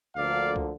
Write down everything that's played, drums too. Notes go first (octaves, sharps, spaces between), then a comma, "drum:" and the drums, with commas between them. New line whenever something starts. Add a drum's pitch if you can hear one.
D2 D3 F3 A#3 D5 F5
drum: kick